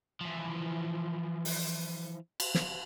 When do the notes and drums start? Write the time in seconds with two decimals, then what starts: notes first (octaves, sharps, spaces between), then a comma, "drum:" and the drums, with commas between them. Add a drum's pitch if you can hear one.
0.21 E3 F3
1.45 drum: open hi-hat
2.40 drum: cymbal
2.54 drum: snare